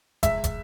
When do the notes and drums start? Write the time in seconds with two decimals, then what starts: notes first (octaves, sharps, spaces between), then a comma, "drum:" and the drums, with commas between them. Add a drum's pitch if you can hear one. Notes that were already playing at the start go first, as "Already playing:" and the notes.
0.23 C#2 E5, drum: kick, hi-hat
0.44 drum: kick, hi-hat